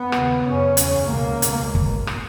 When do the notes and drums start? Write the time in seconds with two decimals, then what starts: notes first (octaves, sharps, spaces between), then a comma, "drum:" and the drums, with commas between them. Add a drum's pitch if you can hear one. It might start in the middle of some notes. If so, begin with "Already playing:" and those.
Already playing: B3
0.12 D#2 C#3, drum: rim click
0.44 F#2 C#3 C#4
0.77 E2 C#3, drum: hi-hat
1.10 C#2 B2 A#3
1.42 C#2 B2, drum: hi-hat
1.75 drum: kick
2.07 drum: rim click